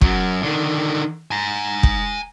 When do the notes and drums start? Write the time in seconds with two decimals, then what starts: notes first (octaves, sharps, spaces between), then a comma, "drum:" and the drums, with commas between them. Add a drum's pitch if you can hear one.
0.01 F#2 F#3, drum: kick
0.43 D3 D#3
1.31 G#5 A#5
1.83 drum: kick